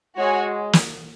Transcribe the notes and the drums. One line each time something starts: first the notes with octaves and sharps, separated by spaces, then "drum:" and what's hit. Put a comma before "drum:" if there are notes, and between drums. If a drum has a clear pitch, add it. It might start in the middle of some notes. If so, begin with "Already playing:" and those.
G#3 F#4 C#5 G#5
drum: snare